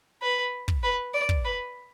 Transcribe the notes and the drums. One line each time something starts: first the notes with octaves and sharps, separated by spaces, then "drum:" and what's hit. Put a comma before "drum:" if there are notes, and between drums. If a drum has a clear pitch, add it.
B4
drum: kick
B4
D5
drum: kick
B4